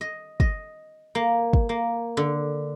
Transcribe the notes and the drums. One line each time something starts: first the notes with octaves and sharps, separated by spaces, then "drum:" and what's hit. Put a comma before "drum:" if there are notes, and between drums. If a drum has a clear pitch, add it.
D#5
D#5, drum: kick
A#3
drum: kick
A#3
D3